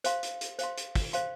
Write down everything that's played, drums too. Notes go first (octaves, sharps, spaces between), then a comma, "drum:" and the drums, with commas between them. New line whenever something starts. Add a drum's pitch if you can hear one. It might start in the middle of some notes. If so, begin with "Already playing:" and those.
C5 F5 C6, drum: hi-hat
drum: hi-hat
drum: hi-hat
C5 F5 C6, drum: hi-hat
drum: hi-hat
drum: kick, open hi-hat
C5 F5 C6, drum: hi-hat